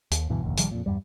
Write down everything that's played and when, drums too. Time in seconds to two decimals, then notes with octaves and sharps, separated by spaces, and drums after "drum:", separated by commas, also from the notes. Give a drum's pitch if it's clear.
0.11 D#2, drum: hi-hat
0.29 D2 G2 B2 E3
0.42 F1 A#1 D#2
0.57 A#1 D#3 F3 G3, drum: hi-hat
0.71 F2 A#2
0.86 E2 G2 G3